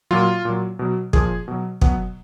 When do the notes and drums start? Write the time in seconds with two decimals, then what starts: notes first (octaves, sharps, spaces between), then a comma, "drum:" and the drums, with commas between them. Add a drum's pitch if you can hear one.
0.11 A#2 F#3 F4
0.45 A#2 F#3
0.79 B2 F#3
1.13 A#2 F3 G#4, drum: kick
1.48 B2 F#3
1.81 B2 F#3 B3, drum: kick